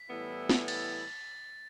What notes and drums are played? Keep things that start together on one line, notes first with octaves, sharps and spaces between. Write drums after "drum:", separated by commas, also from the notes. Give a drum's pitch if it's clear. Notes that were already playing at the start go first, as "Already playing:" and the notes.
Already playing: B6
A2 E3 G3 B3 E4
drum: snare
A6, drum: cymbal